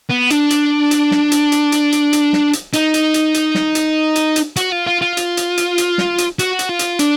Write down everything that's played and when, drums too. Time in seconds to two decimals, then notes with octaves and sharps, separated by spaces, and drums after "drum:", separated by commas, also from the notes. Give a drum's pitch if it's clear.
0.09 B3
0.30 D4, drum: hi-hat
0.50 drum: hi-hat
0.91 drum: hi-hat
1.11 drum: snare
1.32 drum: hi-hat
1.52 drum: hi-hat
1.72 drum: hi-hat
1.92 drum: hi-hat
2.13 drum: hi-hat
2.33 drum: snare
2.53 drum: hi-hat
2.73 D#4, drum: hi-hat
2.94 drum: hi-hat
3.14 drum: hi-hat
3.34 drum: hi-hat
3.55 drum: snare
3.75 drum: hi-hat
4.16 drum: hi-hat
4.36 drum: hi-hat
4.56 F#4, drum: hi-hat
4.72 F4
4.87 F4
5.01 F4
5.17 drum: hi-hat
5.37 drum: hi-hat
5.57 drum: hi-hat
5.78 drum: hi-hat
5.98 drum: snare
6.18 drum: hi-hat
6.39 F#4, drum: hi-hat
6.59 drum: hi-hat
6.69 F4
6.79 drum: hi-hat
6.99 D4, drum: hi-hat